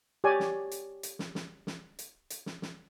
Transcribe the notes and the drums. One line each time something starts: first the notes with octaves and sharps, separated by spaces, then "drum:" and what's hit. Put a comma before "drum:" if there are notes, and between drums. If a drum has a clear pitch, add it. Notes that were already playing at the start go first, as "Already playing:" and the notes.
G4 C#5 D5 G#5
drum: snare
drum: hi-hat
drum: hi-hat
drum: snare
drum: snare
drum: snare
drum: hi-hat
drum: hi-hat
drum: snare
drum: snare